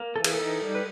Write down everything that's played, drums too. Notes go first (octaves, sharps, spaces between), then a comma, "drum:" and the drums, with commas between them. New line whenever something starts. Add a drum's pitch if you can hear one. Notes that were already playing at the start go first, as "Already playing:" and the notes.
Already playing: A#3
E3 A4
G#4, drum: cymbal
D#4 A4
G3
B4